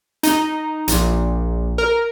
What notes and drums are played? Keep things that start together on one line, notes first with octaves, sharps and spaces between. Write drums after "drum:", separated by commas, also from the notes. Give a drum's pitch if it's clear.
D#4, drum: hi-hat
A#1, drum: hi-hat
A#4